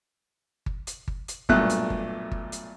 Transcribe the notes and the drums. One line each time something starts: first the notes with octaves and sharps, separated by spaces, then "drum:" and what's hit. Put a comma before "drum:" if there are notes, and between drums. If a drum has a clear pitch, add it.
drum: kick G1
drum: hi-hat
drum: kick G1
drum: hi-hat
B1 G2 A#2 A3 F#6, drum: kick G1
drum: hi-hat
drum: kick G1
drum: kick G1
drum: hi-hat